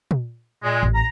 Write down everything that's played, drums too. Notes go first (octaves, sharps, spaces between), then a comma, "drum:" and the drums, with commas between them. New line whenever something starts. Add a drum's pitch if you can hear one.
drum: tom A#2
A#2 G#3
A1
A#5